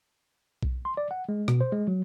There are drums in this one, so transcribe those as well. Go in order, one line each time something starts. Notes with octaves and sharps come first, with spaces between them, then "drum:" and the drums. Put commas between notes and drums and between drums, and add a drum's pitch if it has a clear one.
drum: kick B1
C6
D5
F#5
G#3
B2, drum: rim click
C5
G#3
F#3